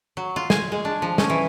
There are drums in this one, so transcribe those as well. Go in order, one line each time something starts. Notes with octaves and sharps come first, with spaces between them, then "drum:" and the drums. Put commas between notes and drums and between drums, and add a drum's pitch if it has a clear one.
F#3
F4
G#5, drum: snare
G#3
D4
F3
C#4, drum: snare
E3